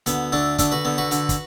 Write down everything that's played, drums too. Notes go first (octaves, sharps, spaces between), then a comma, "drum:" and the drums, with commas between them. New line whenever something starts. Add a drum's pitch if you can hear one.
D2 B3, drum: hi-hat
D2 A3 D4
D2 A3 D4, drum: kick, hi-hat
F#4 B4
D3 B3
F#4 B4
D3, drum: hi-hat
drum: kick, hi-hat